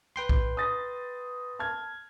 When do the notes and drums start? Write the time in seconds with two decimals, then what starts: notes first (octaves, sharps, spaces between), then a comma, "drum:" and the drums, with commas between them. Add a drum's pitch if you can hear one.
0.16 B4 G5 C6
0.29 drum: kick B1
0.57 D#6 A6 A#6
1.59 A5 F6 G#6